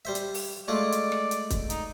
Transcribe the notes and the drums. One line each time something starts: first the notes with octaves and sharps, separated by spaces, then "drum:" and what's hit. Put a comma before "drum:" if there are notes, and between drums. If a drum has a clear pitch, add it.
G3 C5 E5
drum: hi-hat
drum: open hi-hat
G#3 A3 F4 D5
drum: hi-hat
drum: rim click
drum: hi-hat
drum: kick, hi-hat
D#4, drum: hi-hat